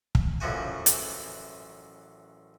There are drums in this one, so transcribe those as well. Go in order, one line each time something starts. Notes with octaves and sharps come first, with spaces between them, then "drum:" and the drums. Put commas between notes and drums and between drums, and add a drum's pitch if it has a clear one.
drum: kick
A1 F#2 E3 F3 F#4 G#5
drum: hi-hat